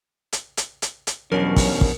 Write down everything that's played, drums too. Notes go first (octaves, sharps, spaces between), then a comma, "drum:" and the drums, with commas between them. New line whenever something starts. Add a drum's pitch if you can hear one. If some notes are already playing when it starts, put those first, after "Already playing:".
drum: hi-hat
drum: hi-hat
drum: hi-hat
drum: hi-hat
E2 G2 B2 F3 F#3 C#4 A#4
drum: kick, open hi-hat
drum: kick